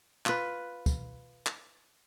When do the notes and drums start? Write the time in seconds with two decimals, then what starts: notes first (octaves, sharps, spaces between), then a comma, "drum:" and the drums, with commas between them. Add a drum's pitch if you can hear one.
0.26 F4 B4, drum: clap
0.86 drum: kick, tambourine
1.46 drum: clap